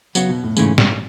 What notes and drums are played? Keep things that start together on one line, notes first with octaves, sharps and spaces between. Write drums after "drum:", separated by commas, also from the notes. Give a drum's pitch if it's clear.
C#3 F#3 B3 F#4 C#5, drum: tambourine
B2
A2
G#2 C#3 E3 A3 C#4 G#4, drum: tambourine
drum: snare